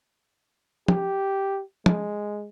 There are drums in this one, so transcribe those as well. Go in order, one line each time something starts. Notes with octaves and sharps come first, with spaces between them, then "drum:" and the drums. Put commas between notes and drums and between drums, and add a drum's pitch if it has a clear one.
G4, drum: tom
G#3, drum: tom